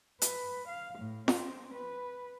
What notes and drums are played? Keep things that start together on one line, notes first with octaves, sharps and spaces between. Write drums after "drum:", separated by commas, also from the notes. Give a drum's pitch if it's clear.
B4, drum: hi-hat
F5
A2
C4, drum: snare
B4